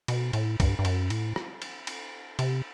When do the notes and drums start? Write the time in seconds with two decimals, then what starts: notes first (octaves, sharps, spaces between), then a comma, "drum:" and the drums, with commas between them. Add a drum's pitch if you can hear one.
0.08 B2, drum: cymbal
0.33 A2, drum: cymbal
0.60 G2, drum: kick B1, cymbal
0.79 G2
0.85 F#2, drum: cymbal
1.10 A2, drum: cymbal
1.36 drum: rim click
1.62 drum: cymbal
1.87 drum: cymbal
2.39 C3, drum: cymbal